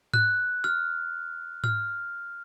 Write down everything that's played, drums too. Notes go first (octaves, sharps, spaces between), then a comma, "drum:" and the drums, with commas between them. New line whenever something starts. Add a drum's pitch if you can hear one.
F#6, drum: tom G#2
F6
F6, drum: tom G#2